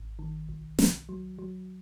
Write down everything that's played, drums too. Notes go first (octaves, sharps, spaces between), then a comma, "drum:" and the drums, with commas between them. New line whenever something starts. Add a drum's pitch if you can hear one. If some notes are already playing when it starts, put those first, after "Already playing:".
Already playing: G#1
D#3
B1
B1, drum: snare
F#3
F#3